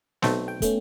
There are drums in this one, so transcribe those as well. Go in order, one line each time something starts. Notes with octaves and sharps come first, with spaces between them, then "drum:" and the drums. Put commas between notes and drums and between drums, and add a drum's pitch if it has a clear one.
B1 A3 C4, drum: snare
G5
A3 B3 C#4, drum: kick, hi-hat